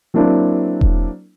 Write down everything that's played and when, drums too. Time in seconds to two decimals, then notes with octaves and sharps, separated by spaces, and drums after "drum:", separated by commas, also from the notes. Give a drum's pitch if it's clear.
0.14 F#3 A#3 C4 D4 E4
0.81 drum: kick E1